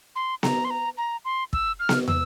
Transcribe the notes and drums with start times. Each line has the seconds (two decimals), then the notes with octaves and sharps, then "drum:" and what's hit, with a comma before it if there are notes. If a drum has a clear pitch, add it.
0.15 C6
0.43 A#5, drum: snare B3
0.64 C6
0.70 A#5
0.98 A#5
1.25 C6
1.53 E6, drum: kick
1.80 F6
1.89 drum: snare B3
2.08 E6, drum: tom